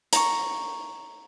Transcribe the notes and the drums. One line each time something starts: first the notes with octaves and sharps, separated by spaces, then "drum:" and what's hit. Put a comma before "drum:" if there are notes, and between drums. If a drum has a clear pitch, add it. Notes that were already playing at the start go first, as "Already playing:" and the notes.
A#5 C#6, drum: hi-hat